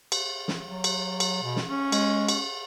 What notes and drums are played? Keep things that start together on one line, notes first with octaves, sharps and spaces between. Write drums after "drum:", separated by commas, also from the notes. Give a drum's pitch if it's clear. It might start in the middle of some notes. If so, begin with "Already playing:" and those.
drum: cymbal
drum: snare
F#3
drum: cymbal
drum: cymbal
B2
drum: snare
C#4
G#3, drum: cymbal
drum: cymbal